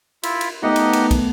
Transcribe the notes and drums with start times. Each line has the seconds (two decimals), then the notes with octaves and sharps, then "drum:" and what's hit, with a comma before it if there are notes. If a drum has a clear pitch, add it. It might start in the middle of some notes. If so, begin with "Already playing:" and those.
0.23 E4 F4 E5, drum: cymbal
0.41 drum: cymbal
0.63 A3 B3 D#4 G4 B4 D#5 F#5
0.76 drum: cymbal
0.93 drum: cymbal
1.11 drum: kick, cymbal